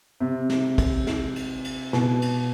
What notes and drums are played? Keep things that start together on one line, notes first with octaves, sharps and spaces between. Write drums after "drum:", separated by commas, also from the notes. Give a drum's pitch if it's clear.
C3
drum: snare
drum: kick, cymbal
drum: snare
drum: cymbal
drum: cymbal
B2, drum: snare
drum: cymbal